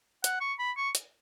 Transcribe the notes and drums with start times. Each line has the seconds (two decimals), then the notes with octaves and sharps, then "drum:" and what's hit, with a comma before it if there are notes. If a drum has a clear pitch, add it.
0.24 F#5, drum: hi-hat
0.41 C#6
0.59 B5
0.77 C#6
0.95 drum: hi-hat